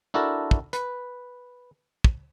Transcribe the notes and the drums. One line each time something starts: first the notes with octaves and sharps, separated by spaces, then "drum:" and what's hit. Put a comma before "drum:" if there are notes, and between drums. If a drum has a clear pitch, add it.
D4 E4 F#4 A4 A#4
drum: kick
B4, drum: hi-hat
drum: kick